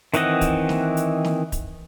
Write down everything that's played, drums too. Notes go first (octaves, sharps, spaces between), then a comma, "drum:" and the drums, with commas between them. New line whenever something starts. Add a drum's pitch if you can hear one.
D#3 E3 C4 D#5 F#5, drum: hi-hat
drum: kick, hi-hat
drum: snare
drum: hi-hat
drum: snare
drum: kick, hi-hat